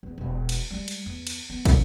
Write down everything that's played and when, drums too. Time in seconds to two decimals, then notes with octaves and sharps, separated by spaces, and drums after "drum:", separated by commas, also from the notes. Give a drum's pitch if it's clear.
0.03 E2
0.18 E1
0.49 drum: cymbal
0.70 G3 G#3
0.88 drum: cymbal
1.06 E2
1.27 drum: cymbal
1.50 B3
1.65 C3, drum: kick, cymbal